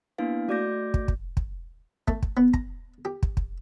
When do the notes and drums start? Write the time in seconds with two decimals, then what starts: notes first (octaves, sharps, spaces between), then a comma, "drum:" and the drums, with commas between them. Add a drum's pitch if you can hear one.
0.18 A#3 B3 D4 E4 B4 F5
0.48 A3 F#4 D5 D6 G6 A#6
0.94 drum: kick
1.08 drum: kick
1.37 drum: kick
2.08 A3, drum: kick
2.22 drum: kick
2.37 B3
2.54 A#5, drum: kick
3.05 G4
3.23 drum: kick
3.37 drum: kick